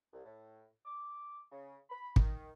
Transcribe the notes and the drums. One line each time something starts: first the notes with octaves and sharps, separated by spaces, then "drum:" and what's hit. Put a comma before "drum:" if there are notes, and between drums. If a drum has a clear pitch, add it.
C2
A2
D6
C#3
B5
D#3, drum: kick